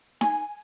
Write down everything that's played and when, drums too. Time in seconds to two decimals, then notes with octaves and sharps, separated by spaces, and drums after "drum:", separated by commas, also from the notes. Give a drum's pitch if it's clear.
0.21 G#5, drum: snare D#4